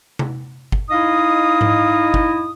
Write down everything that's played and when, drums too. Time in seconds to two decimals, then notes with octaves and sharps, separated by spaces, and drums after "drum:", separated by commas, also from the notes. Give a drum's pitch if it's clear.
0.19 drum: tom C3
0.72 drum: kick
0.90 D#4 E4 D#5 F5 D#6
1.61 drum: tom G#2
2.14 drum: kick